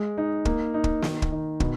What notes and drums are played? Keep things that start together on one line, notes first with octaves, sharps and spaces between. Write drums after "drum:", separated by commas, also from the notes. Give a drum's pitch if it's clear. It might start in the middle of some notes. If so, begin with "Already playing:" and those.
Already playing: G#3
D#4
A#3, drum: kick
D#4
drum: kick
D#3, drum: snare
drum: kick
D#3
B2, drum: kick